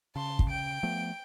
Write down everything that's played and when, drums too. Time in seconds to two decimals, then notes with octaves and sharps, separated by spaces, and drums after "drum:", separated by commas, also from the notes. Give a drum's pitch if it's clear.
0.16 C#3 A5 C6
0.39 drum: kick
0.49 G5 D7
0.83 F3 A3 B3